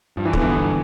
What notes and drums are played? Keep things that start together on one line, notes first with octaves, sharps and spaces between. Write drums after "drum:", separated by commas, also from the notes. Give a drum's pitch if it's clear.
G2 F3
E3
D3, drum: kick
E3 B3
G1